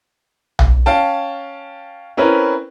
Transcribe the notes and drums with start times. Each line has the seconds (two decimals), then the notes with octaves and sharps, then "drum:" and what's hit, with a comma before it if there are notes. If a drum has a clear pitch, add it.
0.59 drum: tom B1
0.86 C#4 F5 G5 A5
2.17 C4 C#4 E4 A#4 B4